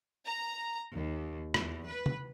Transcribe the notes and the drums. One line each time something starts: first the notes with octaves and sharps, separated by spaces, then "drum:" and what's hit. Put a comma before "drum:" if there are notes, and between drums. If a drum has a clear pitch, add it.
A#5
D#2
E2, drum: rim click
B4
drum: tom C3